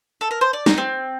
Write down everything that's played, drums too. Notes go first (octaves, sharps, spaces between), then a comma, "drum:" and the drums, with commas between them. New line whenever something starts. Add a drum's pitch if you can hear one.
A4
A#4
C5
D5
D#4, drum: snare
C4